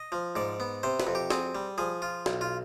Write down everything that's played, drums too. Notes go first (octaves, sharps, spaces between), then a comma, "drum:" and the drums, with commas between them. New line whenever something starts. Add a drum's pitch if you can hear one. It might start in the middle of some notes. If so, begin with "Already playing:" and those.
Already playing: D#5
F3
G#2 D5
B3
C3 C5
B4, drum: snare
F2
G4
C4 G#4, drum: snare
G3
F3 G#4
F4
B1, drum: snare
F4